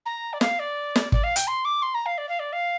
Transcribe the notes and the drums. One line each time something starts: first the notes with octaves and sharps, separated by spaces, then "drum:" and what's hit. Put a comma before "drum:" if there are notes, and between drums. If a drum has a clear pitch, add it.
A#5
D5
F5, drum: snare
D5
drum: snare
D5, drum: kick
F5
G5, drum: hi-hat
C6
D6
C6
A#5
F5
D5
F5
D5
F5